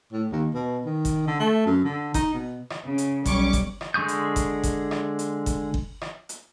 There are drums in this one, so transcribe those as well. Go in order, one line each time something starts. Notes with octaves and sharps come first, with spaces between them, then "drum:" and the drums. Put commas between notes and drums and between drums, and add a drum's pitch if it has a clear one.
A2
D#2
B2
D#3
drum: kick G1, hi-hat
D3
A3
F#2
D3
D#4, drum: kick G1, hi-hat
B2
drum: rim click
C#3
drum: hi-hat
B1 G3 C#4 C#6 D6, drum: kick G1, hi-hat
drum: kick G1, hi-hat
drum: rim click
D3 G#3 C#6 D#6 G6
drum: hi-hat
drum: kick G1, hi-hat
drum: kick G1, hi-hat
drum: rim click
drum: hi-hat
drum: kick G1, hi-hat
drum: kick G1
drum: rim click
drum: hi-hat